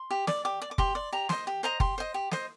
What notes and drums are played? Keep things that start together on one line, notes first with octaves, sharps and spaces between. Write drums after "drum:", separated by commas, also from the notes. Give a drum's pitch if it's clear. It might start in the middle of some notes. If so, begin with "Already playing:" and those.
Already playing: C6
G4
D5, drum: snare
G4 D6
D5
D6
G4 C6, drum: kick F#1
D5
G4 A#5
C5 D#5 C6, drum: snare
G4
C5 D#5 A#5
G4 C6, drum: kick F#1
C5 D#5
G4
C5 D#5, drum: snare